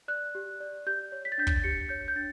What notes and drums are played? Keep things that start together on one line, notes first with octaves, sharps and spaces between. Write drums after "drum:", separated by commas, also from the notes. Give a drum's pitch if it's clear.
D5 F#6
G4
D5
G4 G6
C#5
B6
A6
D4 G6
A6, drum: kick
G4 C#7
C#5 G6
G6
D4 A6